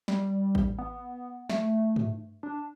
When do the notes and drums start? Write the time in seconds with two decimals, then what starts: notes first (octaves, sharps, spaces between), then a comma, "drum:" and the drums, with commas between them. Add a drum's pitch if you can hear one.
0.08 G3, drum: snare
0.55 drum: kick A1
0.79 B3
1.49 A3, drum: snare
1.96 drum: tom
2.43 D4